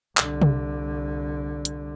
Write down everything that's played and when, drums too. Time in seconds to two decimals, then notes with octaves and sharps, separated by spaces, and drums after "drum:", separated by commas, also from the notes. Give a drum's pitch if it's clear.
0.17 C2 D3, drum: clap
0.42 drum: tom C3
1.65 drum: hi-hat